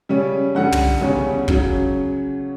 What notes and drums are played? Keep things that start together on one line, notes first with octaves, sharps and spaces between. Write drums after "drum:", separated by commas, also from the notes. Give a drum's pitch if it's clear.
C#3 G3 C#4
G2 D3 G3 F#5
drum: tom
E2 C#3 G3 C#4
C#3 F#3 C#4, drum: kick